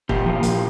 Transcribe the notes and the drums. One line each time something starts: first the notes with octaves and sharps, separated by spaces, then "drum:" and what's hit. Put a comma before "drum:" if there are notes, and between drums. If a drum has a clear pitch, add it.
A#2 G4, drum: kick
F3
A#2, drum: hi-hat